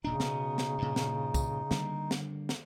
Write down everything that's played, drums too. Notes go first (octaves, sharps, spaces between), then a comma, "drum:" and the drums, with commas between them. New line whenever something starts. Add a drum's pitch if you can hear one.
D1 A#2 C#3 D4 D#4
B2 B3, drum: snare
drum: snare
G2 A#2
drum: snare
drum: kick C2, tambourine
D3 G3 A#3, drum: snare
drum: snare
drum: snare